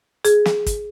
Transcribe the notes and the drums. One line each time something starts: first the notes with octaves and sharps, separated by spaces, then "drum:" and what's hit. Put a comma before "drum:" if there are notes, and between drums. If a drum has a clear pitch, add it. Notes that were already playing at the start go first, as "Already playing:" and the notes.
G#4, drum: hi-hat
drum: snare
drum: kick, hi-hat